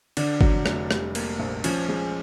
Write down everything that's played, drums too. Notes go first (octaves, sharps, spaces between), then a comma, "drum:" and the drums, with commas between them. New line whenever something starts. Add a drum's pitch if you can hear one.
D3 D4, drum: cymbal
F#3, drum: kick
F1, drum: rim click
G3, drum: rim click
A#3, drum: cymbal
A#1
F3 C#4, drum: cymbal
G#3